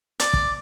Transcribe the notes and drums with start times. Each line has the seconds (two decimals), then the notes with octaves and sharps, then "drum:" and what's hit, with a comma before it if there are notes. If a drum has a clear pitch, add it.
0.20 D5, drum: hi-hat
0.33 drum: kick